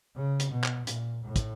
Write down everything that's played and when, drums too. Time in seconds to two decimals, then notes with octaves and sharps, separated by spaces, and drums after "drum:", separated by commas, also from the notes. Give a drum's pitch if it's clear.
0.16 C#3
0.40 drum: hi-hat
0.51 B2
0.64 drum: clap
0.87 A#2, drum: hi-hat
1.24 A2
1.36 drum: kick, hi-hat